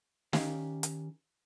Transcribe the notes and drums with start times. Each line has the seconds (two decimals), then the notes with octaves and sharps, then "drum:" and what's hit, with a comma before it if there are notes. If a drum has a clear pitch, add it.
0.33 D#3 C#4 G4 F5, drum: snare
0.83 drum: hi-hat